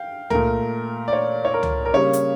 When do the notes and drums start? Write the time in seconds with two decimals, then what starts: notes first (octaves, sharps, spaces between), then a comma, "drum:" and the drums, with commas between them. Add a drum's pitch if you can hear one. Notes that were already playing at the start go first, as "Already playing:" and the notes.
Already playing: F5 G5
0.30 A#2 A3 A#4, drum: tom
1.08 D5
1.13 C#5
1.45 C#5
1.54 A#4
1.63 drum: tom
1.85 A#4
1.94 C#3 G3 A#3 C#5
2.13 drum: hi-hat